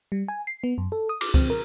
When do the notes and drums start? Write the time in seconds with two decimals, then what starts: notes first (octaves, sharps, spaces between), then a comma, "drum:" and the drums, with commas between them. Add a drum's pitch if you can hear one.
0.12 G3
0.28 G#5
0.47 C7
0.64 B3
0.78 F#2
0.92 A4
1.09 D#6
1.21 D6, drum: cymbal
1.34 C4, drum: kick
1.50 A#4